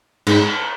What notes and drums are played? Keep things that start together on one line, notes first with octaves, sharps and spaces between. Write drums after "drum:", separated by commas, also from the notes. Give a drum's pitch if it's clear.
G#2, drum: cymbal